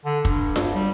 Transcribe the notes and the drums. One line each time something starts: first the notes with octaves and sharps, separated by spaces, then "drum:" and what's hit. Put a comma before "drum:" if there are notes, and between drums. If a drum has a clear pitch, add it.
D3
G2, drum: kick
drum: snare F4
G3